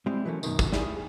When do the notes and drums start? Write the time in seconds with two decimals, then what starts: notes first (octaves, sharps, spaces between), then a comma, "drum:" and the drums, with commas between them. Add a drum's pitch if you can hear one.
0.06 G3 G#3 C4 E4 G4
0.25 E3 F#3 A3 A#3 C#4
0.43 F#2 B2 D#3, drum: tambourine
0.59 drum: kick, tambourine
0.73 E4 G#4, drum: snare